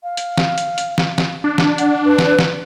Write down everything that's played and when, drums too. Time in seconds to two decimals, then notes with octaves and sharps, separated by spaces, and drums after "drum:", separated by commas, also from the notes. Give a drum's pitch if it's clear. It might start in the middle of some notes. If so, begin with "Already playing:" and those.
0.03 F5
0.17 drum: hi-hat
0.38 drum: snare
0.58 drum: hi-hat
0.78 drum: hi-hat
0.98 drum: snare
1.18 drum: snare
1.44 D4
1.58 drum: snare
1.78 F#5, drum: hi-hat
2.05 B4
2.18 drum: snare
2.39 drum: snare